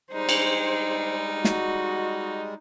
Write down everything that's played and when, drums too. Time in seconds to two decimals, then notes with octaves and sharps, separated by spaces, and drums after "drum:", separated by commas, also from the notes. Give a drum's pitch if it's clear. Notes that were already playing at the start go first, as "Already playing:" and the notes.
0.13 G3 G#3 D#4 C5
0.29 drum: cymbal
1.45 F#4, drum: snare